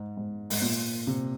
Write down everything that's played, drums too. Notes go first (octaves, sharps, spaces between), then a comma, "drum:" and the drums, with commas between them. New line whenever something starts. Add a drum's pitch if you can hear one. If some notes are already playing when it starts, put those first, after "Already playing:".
Already playing: G#2
G#2
G#2, drum: open hi-hat
A#2
C3